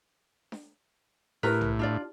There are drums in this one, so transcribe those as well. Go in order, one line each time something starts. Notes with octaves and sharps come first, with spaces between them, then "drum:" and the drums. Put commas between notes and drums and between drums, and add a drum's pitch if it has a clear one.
drum: snare D4
A2 E4 G4 A#4 B4 C#6, drum: snare D4
drum: tom B1
D4 F4 D5